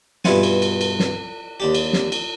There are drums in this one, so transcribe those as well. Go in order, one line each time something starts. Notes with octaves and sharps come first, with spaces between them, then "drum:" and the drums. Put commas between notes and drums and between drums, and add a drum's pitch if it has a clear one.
G2 B2 E4 F4 F#5 G#5, drum: snare
drum: cymbal
drum: cymbal
drum: cymbal
drum: snare
D#2 D4 G4
drum: cymbal
drum: snare
drum: cymbal